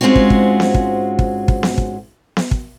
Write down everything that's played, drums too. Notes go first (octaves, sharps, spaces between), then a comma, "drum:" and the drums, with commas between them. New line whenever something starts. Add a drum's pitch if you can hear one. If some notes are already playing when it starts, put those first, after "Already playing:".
G#2 G#3 C4 C#4 F4 F#4
drum: kick
drum: kick
drum: snare B3
drum: kick
drum: kick
drum: kick
drum: snare B3
drum: kick
drum: snare B3
drum: kick